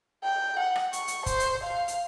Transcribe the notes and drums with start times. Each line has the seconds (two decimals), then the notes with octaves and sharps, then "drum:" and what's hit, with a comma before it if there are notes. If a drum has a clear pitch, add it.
0.24 G5
0.59 F#5
0.76 drum: rim click
0.93 C#6, drum: hi-hat
1.08 drum: hi-hat
1.26 C5, drum: kick, hi-hat
1.40 drum: hi-hat
1.64 F5
1.88 drum: hi-hat